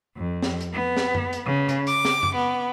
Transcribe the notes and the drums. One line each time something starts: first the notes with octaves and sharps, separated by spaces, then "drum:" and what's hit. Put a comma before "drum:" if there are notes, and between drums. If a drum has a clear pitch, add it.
F2
drum: snare
drum: hi-hat
B3
drum: snare
drum: tom F#2
drum: hi-hat
C#3
drum: hi-hat
D6, drum: hi-hat
drum: snare
drum: tom F#2
B3